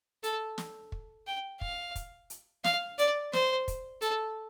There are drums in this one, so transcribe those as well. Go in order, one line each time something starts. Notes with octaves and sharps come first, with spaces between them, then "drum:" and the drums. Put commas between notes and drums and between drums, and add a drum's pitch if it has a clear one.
A4, drum: hi-hat
drum: snare
drum: kick
G5
F5, drum: kick
drum: kick, hi-hat
drum: hi-hat
F5, drum: snare
D5, drum: hi-hat
C5, drum: snare
drum: kick, hi-hat
A4, drum: hi-hat